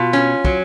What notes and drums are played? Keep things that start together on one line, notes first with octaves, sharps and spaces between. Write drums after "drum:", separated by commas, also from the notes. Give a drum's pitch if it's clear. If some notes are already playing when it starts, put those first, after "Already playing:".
Already playing: B2 F4
C#4
F#3, drum: kick